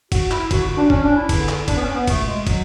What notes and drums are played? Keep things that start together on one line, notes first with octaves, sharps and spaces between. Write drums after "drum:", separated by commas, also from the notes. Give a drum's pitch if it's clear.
F#4, drum: kick, cymbal
E4, drum: clap
F#2 D3 F#4, drum: kick, cymbal
F#4
D4
C#4, drum: kick
D4
E4
E2 D3, drum: kick, cymbal
drum: clap
D4, drum: kick, cymbal
B3
C#4
B3
C#2 B2 A3, drum: kick, cymbal
G#3
F#3, drum: kick, cymbal